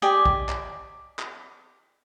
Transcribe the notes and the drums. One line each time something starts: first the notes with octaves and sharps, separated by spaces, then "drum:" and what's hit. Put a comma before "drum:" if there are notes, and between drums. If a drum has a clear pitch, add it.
G4 D5 D#5 G#5
drum: kick
drum: clap
drum: clap